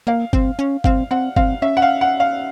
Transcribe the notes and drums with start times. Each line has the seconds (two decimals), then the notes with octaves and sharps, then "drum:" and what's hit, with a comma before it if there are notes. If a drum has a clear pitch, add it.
0.07 A#3 F5
0.33 C4, drum: kick G1
0.59 C#4
0.84 C4 F5, drum: kick G1
1.11 C4 F#5
1.36 C4 F5, drum: kick G1
1.62 C#4 E5
1.77 F#5
1.82 F5
2.01 F#5
2.20 F5